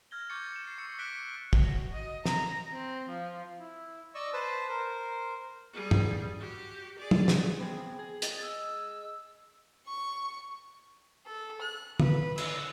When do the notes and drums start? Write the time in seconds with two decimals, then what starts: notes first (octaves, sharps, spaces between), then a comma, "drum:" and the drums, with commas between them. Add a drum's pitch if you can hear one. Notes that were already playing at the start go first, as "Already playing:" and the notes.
0.11 F6 G#6 A#6 G7
0.30 C#6 D6 G6 A6 C#7
0.52 A6 E7
0.64 C7 C#7
0.78 C#6 E6 C#7
0.99 D6 F#6 B6 D7 E7 G7
1.53 F#4, drum: kick
1.94 D#5
2.25 A#5, drum: snare
2.72 C4
3.09 F3
3.59 E4
4.15 D5 D#5 C#6 E6
4.33 B4 C5 A5
4.69 A#4 C5
5.73 G3 G#4
5.91 drum: tom
6.39 F#4 G4
6.99 G#4 D5
7.11 drum: tom
7.28 drum: snare
7.60 B3 C4 G#4
7.99 G#4
8.22 G#4 D#5 A6, drum: hi-hat
8.41 E6
9.88 C#6
11.26 A4
11.61 F#6
12.00 B4, drum: tom
12.38 E6, drum: cymbal